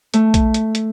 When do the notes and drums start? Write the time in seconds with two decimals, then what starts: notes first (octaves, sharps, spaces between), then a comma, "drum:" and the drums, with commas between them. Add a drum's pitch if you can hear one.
0.14 A3, drum: hi-hat
0.34 drum: kick A#1, hi-hat
0.54 drum: hi-hat
0.75 drum: hi-hat